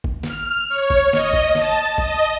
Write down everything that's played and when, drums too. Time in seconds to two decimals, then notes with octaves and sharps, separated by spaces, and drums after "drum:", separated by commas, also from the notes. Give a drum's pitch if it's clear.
0.04 drum: kick G#1
0.23 F6, drum: snare
0.69 C#5
0.90 drum: kick G#1
1.13 D#5, drum: snare
1.33 drum: kick G#1
1.55 A5, drum: snare
1.98 D#5, drum: kick G#1